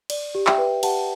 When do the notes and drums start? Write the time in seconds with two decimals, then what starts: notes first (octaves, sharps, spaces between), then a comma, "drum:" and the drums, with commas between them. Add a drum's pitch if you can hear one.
0.10 D5, drum: cymbal
0.35 G4
0.47 E5 G5, drum: clap
0.58 B4
0.83 G4 F#5 A5, drum: cymbal